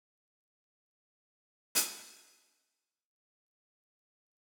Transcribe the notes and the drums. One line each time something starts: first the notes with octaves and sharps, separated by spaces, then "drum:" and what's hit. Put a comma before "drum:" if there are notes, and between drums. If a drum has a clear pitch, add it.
A#1 D#4 B4 D6 D7
drum: hi-hat
A3 D4
E5